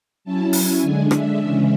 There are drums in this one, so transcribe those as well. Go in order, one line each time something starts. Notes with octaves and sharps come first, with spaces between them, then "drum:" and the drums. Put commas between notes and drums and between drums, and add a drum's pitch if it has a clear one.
F#3 C#4 E4 A5
G#5, drum: open hi-hat
D3 G#3 D4
E5, drum: rim click
C#3 E3 G#3 C#4